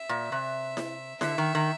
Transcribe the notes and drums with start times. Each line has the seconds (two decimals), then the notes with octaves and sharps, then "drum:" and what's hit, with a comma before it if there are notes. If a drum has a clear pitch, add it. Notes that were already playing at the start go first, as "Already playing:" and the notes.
Already playing: E5
0.09 A#2
0.32 C3
0.77 drum: snare E4
1.21 D3 E5, drum: snare E4
1.38 D#3
1.55 D#3